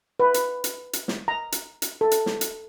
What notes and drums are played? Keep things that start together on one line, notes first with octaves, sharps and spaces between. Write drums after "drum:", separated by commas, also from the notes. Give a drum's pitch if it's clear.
B4
drum: hi-hat
drum: hi-hat
drum: hi-hat
drum: snare
A#5
drum: hi-hat
drum: hi-hat
A4
drum: hi-hat
drum: snare
drum: hi-hat